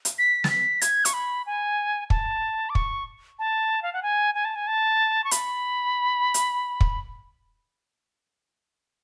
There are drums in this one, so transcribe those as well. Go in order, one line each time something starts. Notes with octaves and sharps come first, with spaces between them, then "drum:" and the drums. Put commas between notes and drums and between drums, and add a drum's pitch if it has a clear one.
drum: hi-hat
B6
A6, drum: snare
B6
G#6, drum: hi-hat
C#6, drum: hi-hat
B5
G#5
A5, drum: kick
D6
C#6, drum: kick
A5
F5
F#5
G#5
G#5
A5
G#5
A5
C#6
B5, drum: hi-hat
drum: hi-hat
drum: kick